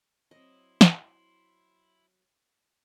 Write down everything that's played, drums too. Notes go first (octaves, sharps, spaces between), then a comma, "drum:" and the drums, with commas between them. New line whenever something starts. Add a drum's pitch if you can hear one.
F#3 C4 E4 D#5 C6
drum: snare